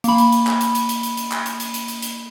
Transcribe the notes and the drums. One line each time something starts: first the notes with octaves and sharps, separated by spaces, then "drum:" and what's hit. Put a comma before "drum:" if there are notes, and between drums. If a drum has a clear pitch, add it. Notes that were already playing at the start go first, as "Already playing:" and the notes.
A#3 B5, drum: hi-hat
drum: hi-hat
drum: hi-hat
drum: clap
drum: hi-hat
drum: hi-hat
drum: hi-hat
drum: hi-hat
drum: hi-hat
drum: clap
drum: hi-hat
drum: hi-hat
drum: hi-hat
drum: hi-hat
drum: hi-hat